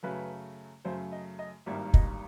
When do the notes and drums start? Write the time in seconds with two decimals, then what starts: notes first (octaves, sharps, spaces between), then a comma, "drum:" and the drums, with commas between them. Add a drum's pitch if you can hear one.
0.03 F#2 C#3 F#3 A3 B4
0.85 F#2 C#3 F#3 A3 C5
1.12 D#5
1.39 D#5
1.66 G#1 G2 D#3 G3 A#3 E5
1.94 D#5, drum: kick